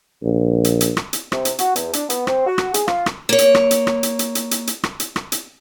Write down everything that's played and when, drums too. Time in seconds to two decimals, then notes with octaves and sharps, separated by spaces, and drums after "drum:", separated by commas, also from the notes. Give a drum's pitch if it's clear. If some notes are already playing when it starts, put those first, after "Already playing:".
0.23 A#1
0.64 drum: hi-hat
0.81 drum: hi-hat
0.97 drum: rim click
1.13 drum: hi-hat
1.32 C3, drum: rim click
1.45 drum: hi-hat
1.59 F#4, drum: hi-hat
1.76 E2, drum: hi-hat
1.93 D4, drum: hi-hat
2.10 B3, drum: hi-hat
2.27 C4, drum: rim click
2.47 F#4
2.58 drum: rim click
2.74 G#4, drum: hi-hat
2.88 F4, drum: rim click
3.06 drum: rim click
3.29 A#3 C#5
3.38 drum: hi-hat
3.55 drum: rim click
3.71 drum: hi-hat
3.87 drum: rim click
4.03 drum: hi-hat
4.19 drum: hi-hat
4.35 drum: hi-hat
4.51 drum: hi-hat
4.67 drum: hi-hat
4.84 drum: rim click
5.00 drum: hi-hat
5.16 drum: rim click
5.32 drum: hi-hat